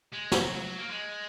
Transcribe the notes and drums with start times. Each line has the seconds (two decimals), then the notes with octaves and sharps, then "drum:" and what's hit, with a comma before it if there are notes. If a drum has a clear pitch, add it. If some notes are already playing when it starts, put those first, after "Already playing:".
0.13 G#3
0.32 F#3, drum: snare
0.52 F#3
0.64 F#3
0.78 A#3
0.91 G#3